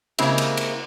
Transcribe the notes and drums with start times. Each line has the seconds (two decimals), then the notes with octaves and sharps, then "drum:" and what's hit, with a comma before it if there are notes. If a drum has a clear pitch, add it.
0.18 C#3 G#3 A#3 C4 E4 G4, drum: cymbal
0.38 drum: cymbal
0.57 drum: cymbal